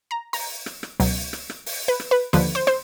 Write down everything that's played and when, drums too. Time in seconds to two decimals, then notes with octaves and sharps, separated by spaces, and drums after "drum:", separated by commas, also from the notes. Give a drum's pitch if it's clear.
0.11 A#5
0.33 A#5, drum: open hi-hat
0.66 drum: rim click
0.83 drum: rim click
1.00 C#2 B2 F#3, drum: open hi-hat
1.33 drum: rim click
1.50 drum: rim click
1.66 drum: open hi-hat
1.88 B4
2.00 drum: rim click
2.11 B4
2.33 D#2 D3 F3 B4, drum: open hi-hat
2.55 C5
2.67 C5, drum: rim click